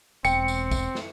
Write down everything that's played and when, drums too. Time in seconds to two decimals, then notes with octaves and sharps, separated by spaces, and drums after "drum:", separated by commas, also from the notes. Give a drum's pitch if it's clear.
0.25 E1 C4 G5 C#7, drum: tambourine
0.48 drum: tambourine
0.71 drum: kick, tambourine
0.95 drum: snare